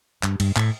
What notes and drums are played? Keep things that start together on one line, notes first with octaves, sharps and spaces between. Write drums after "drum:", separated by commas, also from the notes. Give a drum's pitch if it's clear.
G2, drum: clap
G2, drum: cymbal
A2, drum: clap